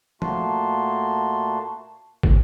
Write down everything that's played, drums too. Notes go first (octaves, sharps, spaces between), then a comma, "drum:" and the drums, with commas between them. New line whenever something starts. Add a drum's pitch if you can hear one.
A#2 A3 A#3 F#4 A5 C6, drum: tom F3
drum: kick